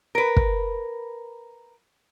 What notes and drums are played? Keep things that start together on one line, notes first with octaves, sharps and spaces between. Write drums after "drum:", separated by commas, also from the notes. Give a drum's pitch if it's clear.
A#4 B4
drum: kick